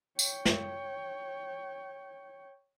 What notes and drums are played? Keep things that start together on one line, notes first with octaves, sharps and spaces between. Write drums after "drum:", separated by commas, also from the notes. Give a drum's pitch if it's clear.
C#5 G5, drum: tambourine
drum: snare